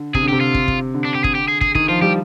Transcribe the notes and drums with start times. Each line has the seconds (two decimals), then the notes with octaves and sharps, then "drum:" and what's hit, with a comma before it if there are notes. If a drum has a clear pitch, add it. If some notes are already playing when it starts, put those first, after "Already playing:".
Already playing: D3
0.14 C3 G#4, drum: kick
0.23 D3
0.28 C3 G4
0.41 F4
0.55 drum: kick
0.68 drum: kick
0.94 D3
1.05 D4
1.14 G4
1.24 G#4, drum: kick
1.35 G4
1.48 G#4
1.61 G#4, drum: kick
1.75 D#3 G#4, drum: kick
1.88 F3 F4
2.02 G3 G4